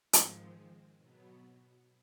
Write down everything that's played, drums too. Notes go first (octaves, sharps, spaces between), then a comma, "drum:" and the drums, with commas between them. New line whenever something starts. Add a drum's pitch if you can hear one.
G#2 D#3 F3 G#3 C4, drum: hi-hat
B2 F#3 B3